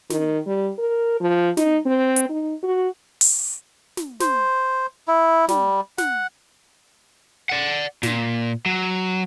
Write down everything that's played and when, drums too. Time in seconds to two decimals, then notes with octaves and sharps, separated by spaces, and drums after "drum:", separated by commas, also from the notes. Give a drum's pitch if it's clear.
0.10 D#3, drum: snare
0.47 G3
0.79 A#4
1.21 F3
1.57 D#4, drum: snare
1.86 C4
2.16 drum: hi-hat
2.29 D#4
2.63 F#4
3.21 drum: open hi-hat
3.97 drum: snare
4.20 C5, drum: snare
5.08 E4
5.49 G3, drum: snare
5.98 F#5, drum: snare
7.49 D5 F#5
8.03 A#2, drum: snare
8.66 F#3